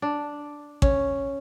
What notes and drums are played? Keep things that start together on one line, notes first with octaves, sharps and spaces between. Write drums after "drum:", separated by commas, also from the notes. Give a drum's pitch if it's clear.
D4
C#4, drum: kick A1